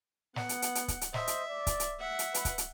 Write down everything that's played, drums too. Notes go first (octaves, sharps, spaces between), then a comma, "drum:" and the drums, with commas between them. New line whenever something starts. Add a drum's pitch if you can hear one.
B3 F#5, drum: snare
drum: hi-hat
drum: hi-hat
drum: hi-hat
drum: kick C#1, hi-hat
drum: hi-hat
C5 D#5 E5, drum: snare
drum: hi-hat
D5
drum: kick C#1, hi-hat
drum: hi-hat
E5 F#5
drum: hi-hat
B4, drum: hi-hat
drum: kick C#1, hi-hat
drum: hi-hat